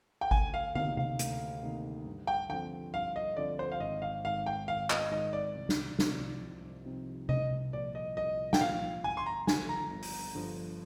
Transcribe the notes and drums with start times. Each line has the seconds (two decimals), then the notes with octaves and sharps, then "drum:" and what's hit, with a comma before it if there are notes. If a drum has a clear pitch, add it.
0.21 G5
0.31 D2 G#5, drum: kick G#1
0.54 F5
0.75 C3 D#3 A#3 D#4 F5, drum: tom
0.97 F5, drum: tom C3
1.19 D2, drum: hi-hat
1.63 C3 D#3 A#3 D#4
2.06 G2
2.27 G5
2.49 D3 F3 C4 G5
2.93 G2 F5
3.16 D#5
3.37 D3 F3 C4 D5
3.59 C5
3.72 F5
3.80 G#1 D#5
4.02 F5
4.24 G#2 D#3 F5
4.46 G5
4.68 G#1 F5
4.90 D#5, drum: clap
5.11 G#2 D#3 D#5
5.33 D5
5.55 C2
5.69 drum: snare
5.99 C3 F3 C4 D#4, drum: snare
6.42 C2
6.85 C3 F3 C4 D#4
7.29 C2 D#5, drum: tom C3
7.73 A#2 F3 D5
7.95 D#5
8.17 C2 D#5
8.53 G5, drum: snare
8.60 A#2 F3 F5
9.03 G1 G#5
9.17 C6
9.26 A#5
9.47 G2 D3 F3 G#5, drum: snare
9.69 A#5
9.90 G1
10.02 drum: open hi-hat
10.35 G2 D3 F3